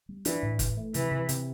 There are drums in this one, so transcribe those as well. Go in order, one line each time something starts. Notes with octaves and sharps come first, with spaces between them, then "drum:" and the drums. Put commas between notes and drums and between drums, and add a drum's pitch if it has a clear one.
G3
E3 D4, drum: hi-hat
A2
E3, drum: kick, hi-hat
A3
C3 E3, drum: hi-hat
C3
C3, drum: hi-hat